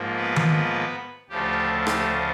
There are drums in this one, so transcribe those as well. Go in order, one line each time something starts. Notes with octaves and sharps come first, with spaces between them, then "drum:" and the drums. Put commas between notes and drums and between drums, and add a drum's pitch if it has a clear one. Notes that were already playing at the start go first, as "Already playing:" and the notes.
Already playing: G#2 F3 A#3
B3 B4
drum: tom D#3
D2 C#3 F3 A3 G4
G4, drum: rim click